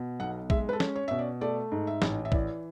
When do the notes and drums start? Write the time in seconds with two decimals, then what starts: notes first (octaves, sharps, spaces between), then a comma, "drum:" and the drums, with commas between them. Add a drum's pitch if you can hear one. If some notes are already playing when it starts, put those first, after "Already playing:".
Already playing: B2
0.20 B1 F#5
0.50 G#3 E5, drum: kick
0.69 B4
0.73 A4
0.80 C#4, drum: snare
0.95 C#5
1.08 B2 E5
1.19 D5
1.41 A3 D5
1.72 G#2
1.87 E5
2.02 A1, drum: snare
2.25 E5
2.32 E3 D5, drum: kick